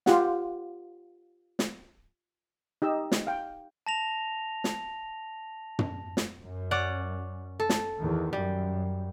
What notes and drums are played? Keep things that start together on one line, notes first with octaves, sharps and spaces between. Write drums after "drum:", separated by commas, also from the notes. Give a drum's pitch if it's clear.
F4 G4 F#5, drum: snare
drum: snare
D#4 G4 D#5 E6
drum: snare
F5 G5
A5 A#6 F7
drum: snare
drum: tom
drum: snare
F#2
C#4 D5 F#5
A4
drum: snare
E2 D#3
F#2 G3